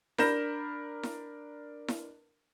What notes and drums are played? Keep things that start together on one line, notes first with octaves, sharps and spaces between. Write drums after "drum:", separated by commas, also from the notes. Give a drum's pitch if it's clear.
D4 A#4 B5 G6 A#6 E7, drum: snare E4
drum: snare E4
drum: snare E4